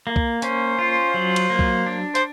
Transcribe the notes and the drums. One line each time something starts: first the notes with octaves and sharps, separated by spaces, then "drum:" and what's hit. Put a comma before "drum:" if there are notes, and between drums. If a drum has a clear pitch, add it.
A#3
drum: kick
C#4 C5, drum: hi-hat
F4
F#3
drum: cymbal
A#3
drum: kick
D4
C5, drum: hi-hat